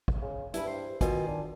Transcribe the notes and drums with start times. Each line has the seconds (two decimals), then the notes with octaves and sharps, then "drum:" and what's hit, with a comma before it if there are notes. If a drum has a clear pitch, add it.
0.08 drum: kick
0.21 C#3
0.54 G2 E4 B4, drum: hi-hat
0.67 C5
1.01 B2 D#3 F4 G#5, drum: kick, hi-hat
1.28 D4